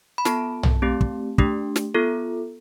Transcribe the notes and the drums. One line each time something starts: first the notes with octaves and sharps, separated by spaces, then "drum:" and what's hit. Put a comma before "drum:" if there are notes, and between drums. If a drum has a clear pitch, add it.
B5
B3 F4 A4 A5, drum: snare
drum: tom
A3 C4 G4
drum: kick
A3 D4 G4, drum: kick
drum: snare
B3 F4 A4